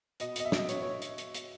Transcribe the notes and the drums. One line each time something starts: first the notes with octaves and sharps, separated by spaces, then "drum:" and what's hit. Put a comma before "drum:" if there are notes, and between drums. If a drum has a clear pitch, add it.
B2 D#5, drum: hi-hat
B2 D#5, drum: hi-hat
E5
B2 D#5, drum: snare
B2 C#5, drum: hi-hat
C#5
drum: hi-hat
drum: hi-hat
drum: hi-hat